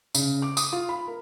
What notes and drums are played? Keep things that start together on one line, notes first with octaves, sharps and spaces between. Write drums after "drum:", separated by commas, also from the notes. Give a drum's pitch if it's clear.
C#3, drum: tambourine
D6
D#6, drum: tambourine
F4
B5
A#4